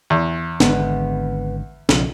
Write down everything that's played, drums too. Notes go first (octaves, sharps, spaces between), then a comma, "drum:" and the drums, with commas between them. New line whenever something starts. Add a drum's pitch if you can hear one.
E2
G#1 D3 G#3 B3, drum: snare
B1 C#3 F3, drum: snare